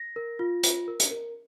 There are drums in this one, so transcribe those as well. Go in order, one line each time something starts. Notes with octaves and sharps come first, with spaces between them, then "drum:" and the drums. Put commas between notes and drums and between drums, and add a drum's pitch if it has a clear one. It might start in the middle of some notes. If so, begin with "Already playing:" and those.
Already playing: A#6
A#4
F4
F4, drum: hi-hat
A#4
drum: hi-hat
A#4